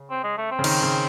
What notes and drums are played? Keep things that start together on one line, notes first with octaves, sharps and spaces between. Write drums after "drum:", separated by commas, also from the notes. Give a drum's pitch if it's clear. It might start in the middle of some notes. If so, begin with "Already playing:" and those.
Already playing: C#3
C4
G#3
A3
C4
C#3
D#3, drum: cymbal
C#3